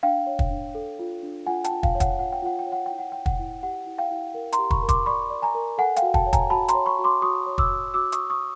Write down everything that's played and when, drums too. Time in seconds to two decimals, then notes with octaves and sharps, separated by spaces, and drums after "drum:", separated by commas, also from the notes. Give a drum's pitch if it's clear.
0.03 D4 F5 G5
0.27 C#5
0.39 drum: kick
0.51 D4
0.75 A4
0.99 F4
1.23 D4
1.46 F4 F#5 G#5
1.64 G5 A5, drum: hi-hat
1.71 F4
1.83 F5 G5, drum: kick
1.95 C#5
2.00 F#5, drum: kick, hi-hat
2.19 F4 F#5
2.33 G5
2.42 F4 F#5
2.59 G5
2.66 C#5
2.72 F#5
2.86 E4 G5
2.99 F#5
3.12 E4 G5
3.26 F#5, drum: kick
3.39 E4
3.63 G4 F#5
3.87 E4
3.98 F5 G5
4.11 E4
4.34 A#4
4.52 A#5 C6, drum: hi-hat
4.59 G4
4.71 B5 C#6, drum: kick
4.83 A#4
4.89 C6 D6, drum: kick, hi-hat
5.06 D5 B5 C#6
5.30 D5
5.42 G#5 A#5
5.54 A#4
5.78 A4 F#5 G#5
5.96 F5 G5, drum: hi-hat
6.02 F#4
6.14 G5 A5, drum: kick
6.26 C#5
6.33 G#5 A#5, drum: kick, hi-hat
6.50 F#4 A5 B5
6.68 A#5 C6, drum: hi-hat
6.75 C#5
6.86 B5 C#6
6.99 F#4
7.04 C6 D6
7.22 F#4 C#6 D#6
7.47 C#5
7.58 D6 E6, drum: kick
7.70 F#4
7.94 F#4 D6 E6
8.12 C#6 D#6, drum: hi-hat
8.18 F#4
8.30 C#6 D#6